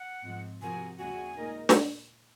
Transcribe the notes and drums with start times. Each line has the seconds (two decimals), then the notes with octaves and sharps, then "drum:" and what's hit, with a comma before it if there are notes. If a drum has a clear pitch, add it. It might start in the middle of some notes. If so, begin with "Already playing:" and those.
Already playing: F#5
0.24 G#2 F3 C4
0.61 C3 F3 C4 F#4 A#4 G#5
0.99 D#2 C#3 G#3 C#4 F#4 G#5
1.37 A#2 G#3 D#4 A#4
1.69 drum: snare